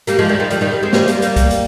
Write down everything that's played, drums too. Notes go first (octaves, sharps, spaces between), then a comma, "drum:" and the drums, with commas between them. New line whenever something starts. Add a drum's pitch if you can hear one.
G3 A#3, drum: hi-hat
F3 G#3
D#3 G3
D#3 G3
D3 F3, drum: hi-hat
D#3 G3
D#3 G3
G#3 C4
G3 A#3, drum: snare
G3 A#3, drum: hi-hat
G3 A#3, drum: hi-hat
drum: kick, hi-hat
drum: hi-hat